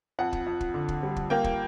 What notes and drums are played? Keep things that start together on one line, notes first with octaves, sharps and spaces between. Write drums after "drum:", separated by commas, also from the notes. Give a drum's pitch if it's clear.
F2 F#5
drum: kick
F2
drum: kick
D3
drum: kick
G3
drum: kick
A#3 G5
drum: kick